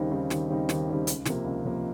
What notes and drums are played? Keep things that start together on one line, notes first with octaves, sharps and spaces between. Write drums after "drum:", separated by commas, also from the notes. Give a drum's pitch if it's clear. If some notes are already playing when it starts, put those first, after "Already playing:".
Already playing: D#2 C#3 G3 C4 D#4
C#3 G3 C4 D#4
D#2, drum: snare
C#3 G3 C4 D#4
D#2, drum: snare
C#3 G3 C4 D#4
C#2, drum: hi-hat
C3 F3 A#3, drum: snare
C#2
C3 F3 A#3